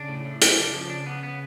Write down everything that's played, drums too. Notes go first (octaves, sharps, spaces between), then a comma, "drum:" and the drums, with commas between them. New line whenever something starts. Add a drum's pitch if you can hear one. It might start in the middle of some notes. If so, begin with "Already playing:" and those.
Already playing: C#3 D4
A2
A2
F#2 C#3, drum: hi-hat
D4
F3
D4
B3
B3